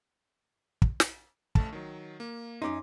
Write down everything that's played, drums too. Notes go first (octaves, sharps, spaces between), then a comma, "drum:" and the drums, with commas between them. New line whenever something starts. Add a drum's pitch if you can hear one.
drum: kick
drum: snare
A1 A3 A5, drum: kick
D#3 F#3
A#3
F#2 C#4 D#4 C6 D6